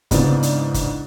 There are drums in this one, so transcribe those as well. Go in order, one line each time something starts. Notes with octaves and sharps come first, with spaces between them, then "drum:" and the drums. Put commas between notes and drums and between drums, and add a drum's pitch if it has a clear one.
G#2 C#3 B3 C4 D4 E4, drum: kick, hi-hat
drum: hi-hat
drum: kick, hi-hat